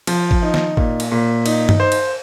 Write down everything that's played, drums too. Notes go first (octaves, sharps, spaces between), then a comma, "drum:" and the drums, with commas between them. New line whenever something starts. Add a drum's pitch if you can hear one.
F3, drum: cymbal
drum: kick G#1
D#4
drum: snare
A#2, drum: kick G#1
drum: cymbal
A#2
D#4, drum: cymbal
drum: tom G2
C5
drum: cymbal